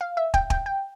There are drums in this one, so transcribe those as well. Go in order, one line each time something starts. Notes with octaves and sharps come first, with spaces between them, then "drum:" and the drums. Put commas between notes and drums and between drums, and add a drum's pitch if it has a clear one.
F5
E5
G5, drum: kick
G5, drum: kick
G5